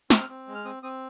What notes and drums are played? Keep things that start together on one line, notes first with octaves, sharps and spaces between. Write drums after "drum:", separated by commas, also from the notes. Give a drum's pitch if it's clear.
C4 F6, drum: snare
C4
G#3
F6
C4 D#6
C4 D#6